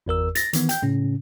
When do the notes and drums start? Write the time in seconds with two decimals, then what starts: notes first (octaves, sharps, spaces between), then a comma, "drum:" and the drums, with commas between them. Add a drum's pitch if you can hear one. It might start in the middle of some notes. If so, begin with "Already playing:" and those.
0.06 G1 E2 A#4 E6
0.35 A6 A#6, drum: hi-hat
0.53 D#3 E3 B3, drum: hi-hat
0.69 G5 G6, drum: hi-hat
0.82 A2 C#3 C#4